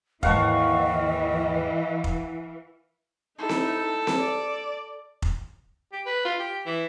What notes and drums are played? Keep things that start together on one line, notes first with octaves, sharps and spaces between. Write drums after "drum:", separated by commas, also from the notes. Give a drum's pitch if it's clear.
D#2 G#2 E3 D#5 F5 F#5 A5 C#6, drum: kick F1
drum: kick F1
D#4 E4 A4
drum: snare C4
drum: snare C4
D5
drum: kick F1
G4
B4
F4
G4
E3